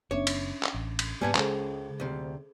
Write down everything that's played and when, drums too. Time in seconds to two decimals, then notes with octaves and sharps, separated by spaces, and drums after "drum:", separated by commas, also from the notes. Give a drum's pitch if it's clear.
0.11 F#1 B3 C#4 D4 C#5 E5
0.27 drum: cymbal
0.63 drum: clap
0.74 A1
0.99 drum: cymbal
1.22 G#2 G3 A#3 B3 F#5 G#5 A5 G#6
1.35 C#2 C#3 G#3 C#4 G#4 A4 C5, drum: clap
2.00 D2 C3